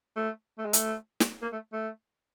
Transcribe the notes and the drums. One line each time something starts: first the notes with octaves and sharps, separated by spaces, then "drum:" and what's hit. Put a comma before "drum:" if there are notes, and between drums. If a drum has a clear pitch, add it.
A3
A3
G#3
A3, drum: hi-hat
drum: snare
A#3
A3
A3